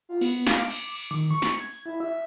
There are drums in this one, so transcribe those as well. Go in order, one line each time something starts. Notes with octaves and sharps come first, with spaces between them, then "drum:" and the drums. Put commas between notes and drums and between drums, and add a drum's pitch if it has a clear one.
F4
B3, drum: cymbal
F5, drum: snare
D6
drum: cymbal
D6, drum: cymbal
D#3
C#6
drum: snare
G#6
E4
E5